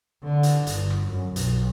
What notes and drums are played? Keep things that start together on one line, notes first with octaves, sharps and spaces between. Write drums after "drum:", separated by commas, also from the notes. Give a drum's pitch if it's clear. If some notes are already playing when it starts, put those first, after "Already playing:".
D3
drum: hi-hat
G1, drum: hi-hat
drum: rim click
F#2
B1, drum: hi-hat